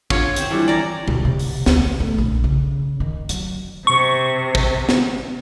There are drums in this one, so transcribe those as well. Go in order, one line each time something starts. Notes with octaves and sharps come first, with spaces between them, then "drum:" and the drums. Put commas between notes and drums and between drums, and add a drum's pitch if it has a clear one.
D3 F4 C#5, drum: kick
C3 C5, drum: hi-hat
E3 F3 G3 D4 A4
D5 A#5
D2, drum: tom B2
C3
drum: open hi-hat
D2, drum: snare
A3
A#1
C#3
D#3
F#3, drum: hi-hat
C3 C#6
drum: kick
drum: snare